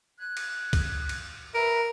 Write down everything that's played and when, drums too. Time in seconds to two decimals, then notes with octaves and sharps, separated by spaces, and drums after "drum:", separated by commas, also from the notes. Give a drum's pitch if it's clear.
0.19 F#6 G#6
0.37 drum: cymbal
0.73 drum: kick, cymbal
1.09 drum: cymbal
1.54 A#4 B4 E5 A#5